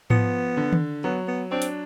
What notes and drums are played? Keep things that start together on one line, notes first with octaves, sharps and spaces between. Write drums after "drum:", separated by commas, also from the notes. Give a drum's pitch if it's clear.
F3 B3, drum: tom G#2
D3
drum: tom D#3
F#3 B3
B3
C4 D4
drum: hi-hat